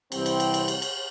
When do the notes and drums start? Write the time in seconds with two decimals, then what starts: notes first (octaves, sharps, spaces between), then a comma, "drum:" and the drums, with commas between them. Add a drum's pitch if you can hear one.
0.12 C2 C3 E3 C4, drum: cymbal
0.26 drum: cymbal
0.40 drum: cymbal
0.54 drum: cymbal
0.68 drum: cymbal
0.82 drum: cymbal